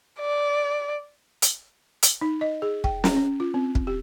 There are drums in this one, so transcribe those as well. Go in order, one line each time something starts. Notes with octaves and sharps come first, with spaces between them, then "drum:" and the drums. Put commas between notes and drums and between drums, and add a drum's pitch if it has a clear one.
D5
drum: hi-hat
drum: hi-hat
D#4
D#5
G#4
G5, drum: kick
C#4, drum: snare
C#4
F4
C4
drum: kick
G4